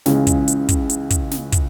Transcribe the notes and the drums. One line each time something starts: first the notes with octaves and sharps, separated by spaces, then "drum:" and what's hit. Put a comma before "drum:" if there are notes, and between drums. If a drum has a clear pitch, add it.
C#2 C#3 E3 G#3 C#4, drum: snare
drum: kick, hi-hat
drum: hi-hat
drum: kick, hi-hat
drum: hi-hat
drum: kick, hi-hat
drum: snare
drum: kick, hi-hat